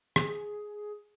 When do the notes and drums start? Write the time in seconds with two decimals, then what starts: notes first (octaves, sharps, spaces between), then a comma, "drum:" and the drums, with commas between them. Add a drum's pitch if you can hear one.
0.16 G#4, drum: rim click